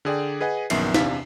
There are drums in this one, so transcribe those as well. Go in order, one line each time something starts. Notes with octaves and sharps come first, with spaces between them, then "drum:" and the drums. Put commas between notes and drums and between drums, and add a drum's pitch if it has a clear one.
D3 G#4 D5 G5
G#4 B4 D#5 F#5 G#5
A#1 F#2 D#3 B3 E5 C7, drum: cymbal
E2 C3 D4 F5 B6, drum: snare